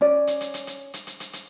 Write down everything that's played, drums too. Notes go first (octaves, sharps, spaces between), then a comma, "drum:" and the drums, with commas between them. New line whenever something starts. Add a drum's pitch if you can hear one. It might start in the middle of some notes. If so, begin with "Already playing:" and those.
C#4 D5
drum: hi-hat
drum: hi-hat
drum: hi-hat
drum: hi-hat
drum: hi-hat
drum: hi-hat
drum: hi-hat
drum: hi-hat